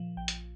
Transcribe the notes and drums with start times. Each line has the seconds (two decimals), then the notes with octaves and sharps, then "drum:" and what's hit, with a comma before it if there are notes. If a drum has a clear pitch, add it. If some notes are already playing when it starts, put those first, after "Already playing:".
Already playing: A#2 F3
0.17 A#1 G5
0.28 drum: hi-hat